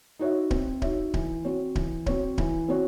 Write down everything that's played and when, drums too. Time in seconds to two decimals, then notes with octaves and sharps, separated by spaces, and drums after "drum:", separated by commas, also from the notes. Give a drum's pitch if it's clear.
0.19 D#4 F#4 C#5 E5
0.51 C4, drum: kick D1
0.82 D#4 F#4 C#5 E5, drum: kick D1
1.14 E3, drum: kick D1
1.45 C4 F#4 C#5
1.75 E3, drum: kick D1
2.06 C4 F#4 C#5, drum: kick D1
2.38 E3, drum: kick D1
2.68 C4 F#4 C#5